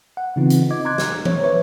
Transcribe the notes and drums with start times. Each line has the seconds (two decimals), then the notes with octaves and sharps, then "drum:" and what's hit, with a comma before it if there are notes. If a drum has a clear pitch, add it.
0.17 F#5
0.36 C#3 E3 B3 C4 D#4 F4
0.50 drum: hi-hat
0.71 D#5 D6 G#6
0.85 A#5 C6 D6 F#6 G#6
0.98 drum: snare
1.25 C5 C#5, drum: tom E3
1.43 B4 C#5 E5